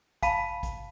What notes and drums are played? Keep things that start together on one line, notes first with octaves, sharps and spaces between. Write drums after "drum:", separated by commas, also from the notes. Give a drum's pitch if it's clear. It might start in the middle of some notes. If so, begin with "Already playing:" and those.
F5 A5 B5, drum: kick, hi-hat
drum: kick, hi-hat